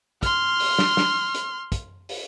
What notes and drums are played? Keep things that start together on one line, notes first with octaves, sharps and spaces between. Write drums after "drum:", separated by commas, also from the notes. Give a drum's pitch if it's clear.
C6 F6, drum: kick, hi-hat
drum: open hi-hat
drum: snare
drum: snare
drum: hi-hat
drum: kick, hi-hat
drum: open hi-hat